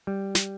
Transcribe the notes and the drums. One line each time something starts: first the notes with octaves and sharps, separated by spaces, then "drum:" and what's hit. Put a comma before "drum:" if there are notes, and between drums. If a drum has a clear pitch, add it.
G3
drum: snare